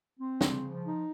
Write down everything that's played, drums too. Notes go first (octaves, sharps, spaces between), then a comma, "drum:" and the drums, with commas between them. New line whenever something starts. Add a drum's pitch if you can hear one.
C4
C#3, drum: snare
F3
D#4